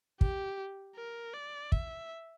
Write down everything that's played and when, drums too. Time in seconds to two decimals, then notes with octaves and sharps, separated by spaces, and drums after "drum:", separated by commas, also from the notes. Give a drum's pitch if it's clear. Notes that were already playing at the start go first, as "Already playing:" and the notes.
0.21 G4, drum: kick
0.96 A#4
1.33 D5
1.72 E5, drum: kick